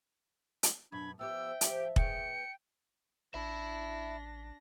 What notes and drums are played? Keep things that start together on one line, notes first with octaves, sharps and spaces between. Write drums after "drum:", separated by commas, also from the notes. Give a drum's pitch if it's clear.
drum: hi-hat
F#2 B2 D4 B5 G#6
F3 B3 G4 E5 G5 E6
F3 G4, drum: hi-hat
B3 G#4 C#5 G5 C#7, drum: kick
A1 D4 E5 B5 A#6